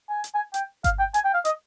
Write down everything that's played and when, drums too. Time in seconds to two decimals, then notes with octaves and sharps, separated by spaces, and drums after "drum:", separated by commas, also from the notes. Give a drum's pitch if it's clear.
0.09 G#5
0.24 drum: hi-hat
0.34 G#5
0.54 G5, drum: hi-hat
0.84 F5, drum: kick G1, hi-hat
0.99 G5
1.14 G#5, drum: hi-hat
1.25 G5
1.34 F5
1.45 D#5, drum: hi-hat